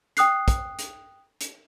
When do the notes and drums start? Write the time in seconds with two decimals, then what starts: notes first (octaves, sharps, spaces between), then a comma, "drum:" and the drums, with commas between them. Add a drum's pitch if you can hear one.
0.17 G5 D#6 F#6 C7, drum: hi-hat
0.48 drum: kick, hi-hat
0.79 drum: hi-hat
1.41 drum: hi-hat